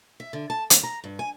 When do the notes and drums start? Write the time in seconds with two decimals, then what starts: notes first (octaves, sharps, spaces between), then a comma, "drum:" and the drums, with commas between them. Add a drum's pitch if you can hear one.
0.20 E5
0.33 D3
0.50 A5
0.70 D#2, drum: hi-hat
0.83 A#5
1.04 G2
1.19 G#5